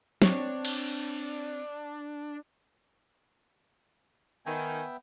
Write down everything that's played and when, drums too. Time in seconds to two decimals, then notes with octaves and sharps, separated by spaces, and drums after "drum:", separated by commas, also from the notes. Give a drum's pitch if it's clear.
0.22 C4 D4 C#5, drum: snare
0.65 drum: cymbal
4.46 D#3 B3 E5 G5 G#5